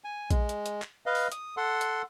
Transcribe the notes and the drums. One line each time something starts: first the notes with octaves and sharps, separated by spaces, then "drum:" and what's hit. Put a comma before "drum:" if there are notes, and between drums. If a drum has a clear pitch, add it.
G#5
G#3, drum: kick A#1, hi-hat
drum: hi-hat
drum: hi-hat
drum: clap
B4 D#5 F5
drum: open hi-hat
D#6, drum: hi-hat
A4 F#5 C6
drum: hi-hat